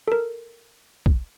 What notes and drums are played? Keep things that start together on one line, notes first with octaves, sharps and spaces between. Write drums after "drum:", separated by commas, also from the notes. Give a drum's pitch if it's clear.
A4 A#4
drum: kick A#1